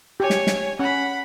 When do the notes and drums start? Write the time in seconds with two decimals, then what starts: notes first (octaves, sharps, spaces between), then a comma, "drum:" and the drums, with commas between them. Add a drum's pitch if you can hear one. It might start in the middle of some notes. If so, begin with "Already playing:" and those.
0.20 G4 C#5 G#5
0.30 drum: snare
0.47 drum: snare
0.79 C#4 F#5 B5